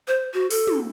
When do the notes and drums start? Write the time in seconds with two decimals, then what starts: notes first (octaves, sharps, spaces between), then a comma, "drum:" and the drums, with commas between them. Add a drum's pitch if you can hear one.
0.08 C5
0.34 F#4
0.51 A4, drum: open hi-hat
0.67 drum: tom